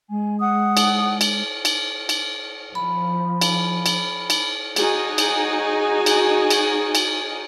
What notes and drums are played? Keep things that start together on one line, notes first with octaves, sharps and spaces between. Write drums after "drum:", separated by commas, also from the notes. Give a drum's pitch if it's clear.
G#3 G#5
F#5 D#6
drum: cymbal
drum: cymbal
drum: cymbal
drum: cymbal
F3 B5
drum: cymbal
drum: cymbal
drum: cymbal
D#4 F#4 G#4 G#5, drum: cymbal
drum: cymbal
drum: cymbal
drum: cymbal
drum: cymbal